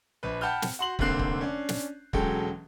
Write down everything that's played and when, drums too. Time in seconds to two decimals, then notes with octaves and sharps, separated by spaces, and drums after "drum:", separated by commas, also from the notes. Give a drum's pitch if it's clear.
0.23 A#1 B4
0.41 F#5 G5 A5 B5 F6 G6
0.62 drum: snare
0.79 F#4 C6 F#7
0.99 F1 D3 A#3 C4 F#6 C7, drum: kick
1.19 drum: kick
1.41 C#4 D4
1.69 drum: snare
2.13 E1 F#3 G#3 C#4 A4 G5, drum: kick